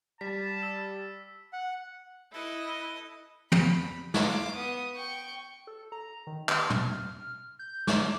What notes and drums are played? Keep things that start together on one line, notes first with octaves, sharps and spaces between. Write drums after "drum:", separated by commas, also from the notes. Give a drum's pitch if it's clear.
G3 A5 B6
E6
F#5
E4 A4 B4 D#5
B5, drum: tom
F5 D6, drum: snare
B3 D#6
G5 C#6
A4
A#5
D#3
F6, drum: clap
drum: tom
G6
D6, drum: snare